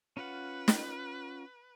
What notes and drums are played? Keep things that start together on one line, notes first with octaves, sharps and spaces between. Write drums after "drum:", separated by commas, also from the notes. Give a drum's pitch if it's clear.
C#4 F4 B4 F#5
drum: snare